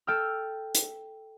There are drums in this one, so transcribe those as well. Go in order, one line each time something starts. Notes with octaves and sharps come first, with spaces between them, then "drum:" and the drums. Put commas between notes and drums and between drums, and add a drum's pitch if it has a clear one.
A4 G5 E6 F6
drum: hi-hat